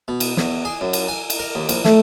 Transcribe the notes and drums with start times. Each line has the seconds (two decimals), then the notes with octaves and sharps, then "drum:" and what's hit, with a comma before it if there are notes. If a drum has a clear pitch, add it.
0.08 B2
0.20 drum: cymbal
0.37 E2, drum: snare
0.65 G#4
0.81 F#2
0.93 drum: cymbal
1.08 G#5
1.30 drum: cymbal
1.39 A#4
1.55 D#2
1.69 A#1, drum: cymbal
1.85 A3, drum: snare